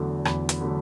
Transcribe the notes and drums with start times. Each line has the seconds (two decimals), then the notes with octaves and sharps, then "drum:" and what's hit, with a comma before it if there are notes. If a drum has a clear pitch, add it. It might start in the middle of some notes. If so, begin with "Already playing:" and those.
Already playing: E2 D3 F#3 A3
0.25 E2 B5, drum: rim click
0.49 drum: hi-hat
0.61 D3 F#3 A3